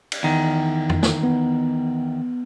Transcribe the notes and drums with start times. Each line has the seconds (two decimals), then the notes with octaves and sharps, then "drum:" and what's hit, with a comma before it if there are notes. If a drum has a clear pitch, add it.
0.12 drum: cymbal
0.23 E2 D#3
0.89 drum: tom F2
1.03 drum: snare
1.23 B3